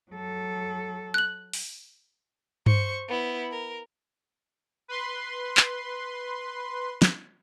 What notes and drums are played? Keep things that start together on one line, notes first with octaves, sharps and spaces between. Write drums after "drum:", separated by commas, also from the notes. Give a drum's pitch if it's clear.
F#3 A4
F#6 F#7
drum: open hi-hat
C5 C#6, drum: tom G2
B3 E4
A#4
B4 C6
drum: clap
drum: snare